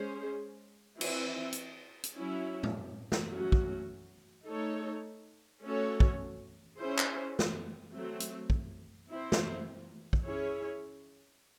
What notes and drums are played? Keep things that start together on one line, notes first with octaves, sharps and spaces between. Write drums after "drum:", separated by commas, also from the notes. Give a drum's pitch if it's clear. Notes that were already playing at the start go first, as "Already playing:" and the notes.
Already playing: G#3 C#4 G#4 C5
E3 C4 E4, drum: cymbal
drum: hi-hat
drum: hi-hat
F#3 C#4 E4
drum: tom
drum: snare
F#3 A3 C#4 F#4
drum: kick
A3 D#4 A4 C#5
A3 C#4 F#4 A4 C#5
drum: kick
C#4 E4 G#4 C5
drum: clap
drum: snare
F#3 A3 C4
drum: hi-hat
drum: kick
C4 E4 C5
drum: snare
drum: kick
C#4 E4 G#4 C#5